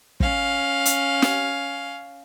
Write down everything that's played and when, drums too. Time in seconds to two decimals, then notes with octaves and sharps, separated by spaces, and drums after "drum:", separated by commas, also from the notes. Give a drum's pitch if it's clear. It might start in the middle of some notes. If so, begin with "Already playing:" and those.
0.20 C#4 F5, drum: kick
0.85 drum: hi-hat
1.22 drum: snare